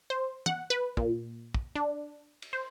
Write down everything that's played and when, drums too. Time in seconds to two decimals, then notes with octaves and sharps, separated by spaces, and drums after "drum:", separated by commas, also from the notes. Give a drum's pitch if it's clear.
0.10 C5
0.46 F#5, drum: tom
0.70 B4
0.97 A#2, drum: kick
1.54 drum: kick
1.76 D4
2.42 drum: cymbal
2.53 C5